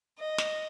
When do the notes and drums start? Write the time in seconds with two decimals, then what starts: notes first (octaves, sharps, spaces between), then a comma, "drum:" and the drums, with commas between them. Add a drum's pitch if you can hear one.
0.19 D#5
0.38 drum: snare